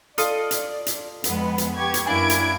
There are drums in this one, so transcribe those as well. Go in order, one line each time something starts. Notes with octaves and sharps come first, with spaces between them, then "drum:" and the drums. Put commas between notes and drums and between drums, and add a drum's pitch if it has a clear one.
F4 A4 D5 D#5, drum: hi-hat
drum: hi-hat
drum: hi-hat
F2 G#3 B3, drum: hi-hat
drum: hi-hat
B3 G4 C#6 G#6
drum: hi-hat
F#2 A#3 D4 E4 G#5 G#6 D7
drum: hi-hat